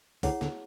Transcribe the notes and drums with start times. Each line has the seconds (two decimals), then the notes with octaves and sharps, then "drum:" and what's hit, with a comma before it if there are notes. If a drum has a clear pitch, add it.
0.23 D2 D3 E4 G#4 C#5 F#5, drum: kick, open hi-hat
0.41 D2 D3, drum: snare